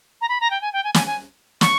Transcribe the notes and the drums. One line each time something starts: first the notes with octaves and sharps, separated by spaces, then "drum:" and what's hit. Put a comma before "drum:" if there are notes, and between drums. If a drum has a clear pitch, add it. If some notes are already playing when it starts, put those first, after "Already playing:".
A#5
B5
A#5
G5
G#5
G5
G#5
G#5, drum: snare
G#5
C#6, drum: snare